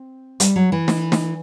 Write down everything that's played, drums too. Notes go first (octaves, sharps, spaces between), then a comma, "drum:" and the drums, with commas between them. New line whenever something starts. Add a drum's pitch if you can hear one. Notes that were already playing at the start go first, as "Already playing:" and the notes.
Already playing: C4
G3, drum: hi-hat
F#3
E3
drum: snare
drum: snare